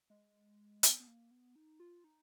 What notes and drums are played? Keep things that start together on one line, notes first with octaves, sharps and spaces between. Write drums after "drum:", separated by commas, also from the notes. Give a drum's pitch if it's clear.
G#3
B3, drum: hi-hat
B3
A#3
B3
D#4
F4
D#4